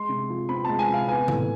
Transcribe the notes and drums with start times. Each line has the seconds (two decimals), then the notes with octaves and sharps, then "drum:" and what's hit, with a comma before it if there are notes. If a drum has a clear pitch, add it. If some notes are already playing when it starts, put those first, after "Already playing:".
Already playing: G#3 C6
0.09 C3
0.30 F3
0.49 C4 B5
0.65 G#3 A5
0.79 G#5
0.89 C3 F5
1.08 B3 G#5
1.28 A2, drum: tom C3